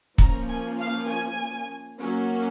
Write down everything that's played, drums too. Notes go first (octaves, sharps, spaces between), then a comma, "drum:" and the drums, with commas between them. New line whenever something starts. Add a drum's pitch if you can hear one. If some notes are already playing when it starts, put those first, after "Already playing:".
F3 A#3 C#4 A#5, drum: kick
G#5
F5
G#5
F#3 A#3 C#4